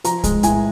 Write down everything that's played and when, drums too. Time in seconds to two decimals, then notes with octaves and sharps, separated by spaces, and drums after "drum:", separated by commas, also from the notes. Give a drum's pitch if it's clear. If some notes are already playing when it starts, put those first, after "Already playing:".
0.04 F3 A#5, drum: hi-hat
0.24 G#3, drum: kick, hi-hat
0.43 A2 G#5, drum: hi-hat